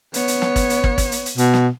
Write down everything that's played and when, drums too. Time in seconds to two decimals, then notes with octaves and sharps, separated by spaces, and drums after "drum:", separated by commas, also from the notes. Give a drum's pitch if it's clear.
0.14 B3 C#5, drum: hi-hat
0.28 drum: hi-hat
0.42 drum: snare
0.56 drum: kick, hi-hat
0.70 drum: hi-hat
0.84 drum: kick
0.98 drum: kick, hi-hat
1.12 drum: hi-hat
1.26 drum: hi-hat
1.38 B2, drum: hi-hat
1.54 drum: snare